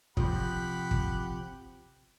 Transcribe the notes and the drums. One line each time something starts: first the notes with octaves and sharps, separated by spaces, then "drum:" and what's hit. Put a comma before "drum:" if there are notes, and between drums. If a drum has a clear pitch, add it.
C3 F3 G4 F#5 B5, drum: kick
drum: kick